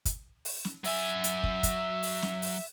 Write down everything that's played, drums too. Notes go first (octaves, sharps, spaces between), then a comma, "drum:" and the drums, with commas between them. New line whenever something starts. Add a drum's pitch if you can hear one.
drum: kick, hi-hat
drum: open hi-hat
drum: snare
F#3 E5 G#5, drum: open hi-hat
drum: hi-hat
drum: kick
drum: kick, hi-hat
drum: open hi-hat
drum: snare
drum: open hi-hat